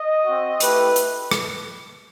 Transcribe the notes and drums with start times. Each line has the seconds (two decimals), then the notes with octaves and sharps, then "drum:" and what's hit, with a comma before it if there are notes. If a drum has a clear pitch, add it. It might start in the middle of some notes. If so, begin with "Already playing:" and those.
Already playing: D#5
0.25 C4 F#4
0.60 A3 E4 G4 B4, drum: hi-hat
0.96 drum: hi-hat
1.31 drum: rim click